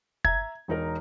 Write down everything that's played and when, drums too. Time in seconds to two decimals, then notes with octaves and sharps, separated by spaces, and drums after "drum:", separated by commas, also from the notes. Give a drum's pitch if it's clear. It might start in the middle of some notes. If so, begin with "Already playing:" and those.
0.25 E5 A#5 G#6, drum: kick
0.68 E1 D#4 A#4